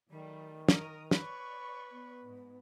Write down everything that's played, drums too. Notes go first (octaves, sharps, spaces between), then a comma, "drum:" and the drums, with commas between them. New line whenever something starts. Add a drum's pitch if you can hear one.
D#3 F#3 G3 A3
A#4 A#5 D#6, drum: snare
B4 C#5 D5 C#6, drum: snare
B3
G#2